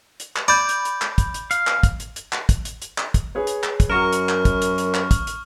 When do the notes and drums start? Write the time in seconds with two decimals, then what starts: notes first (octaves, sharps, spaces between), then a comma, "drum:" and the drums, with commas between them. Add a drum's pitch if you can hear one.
0.20 drum: hi-hat
0.36 drum: clap
0.48 D5 B5 G6
0.69 drum: hi-hat
0.85 drum: hi-hat
1.02 drum: clap
1.18 drum: kick, hi-hat
1.34 drum: hi-hat
1.51 F5, drum: hi-hat
1.67 drum: clap
1.83 drum: kick, hi-hat
2.00 drum: hi-hat
2.16 drum: hi-hat
2.33 drum: clap
2.49 drum: kick, hi-hat
2.65 drum: hi-hat
2.82 drum: hi-hat
2.98 drum: clap
3.14 drum: kick, hi-hat
3.35 G#4 B4 C#5
3.47 drum: hi-hat
3.63 drum: clap
3.80 drum: kick, hi-hat
3.89 F#2 F#4 A#4 C#6 F6 C#7 E7
4.13 drum: hi-hat
4.29 drum: clap
4.45 drum: kick, hi-hat
4.62 drum: hi-hat
4.78 drum: hi-hat
4.94 drum: clap
5.11 drum: kick, hi-hat
5.27 drum: hi-hat